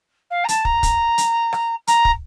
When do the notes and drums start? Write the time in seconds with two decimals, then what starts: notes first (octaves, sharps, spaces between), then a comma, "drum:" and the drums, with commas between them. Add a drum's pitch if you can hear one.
0.31 F5
0.44 A#5
0.48 A5, drum: hi-hat
0.65 A#5, drum: kick
0.83 drum: kick, hi-hat
1.18 drum: hi-hat
1.53 drum: rim click
1.87 A#5, drum: hi-hat
2.05 drum: kick